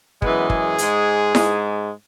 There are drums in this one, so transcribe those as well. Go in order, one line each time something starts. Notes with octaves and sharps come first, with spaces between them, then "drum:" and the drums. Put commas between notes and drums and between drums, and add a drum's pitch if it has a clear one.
F#2 E3 G#3 B3, drum: kick
G#4, drum: kick
G#2 G#3, drum: hi-hat
G#2 G#3, drum: snare E4